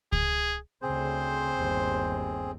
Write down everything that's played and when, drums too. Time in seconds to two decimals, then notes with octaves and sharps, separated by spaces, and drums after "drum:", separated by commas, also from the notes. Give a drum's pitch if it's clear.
0.12 G#4, drum: kick C#2
0.82 D2 C#3 C4 G#4 C5
1.55 G1 D#2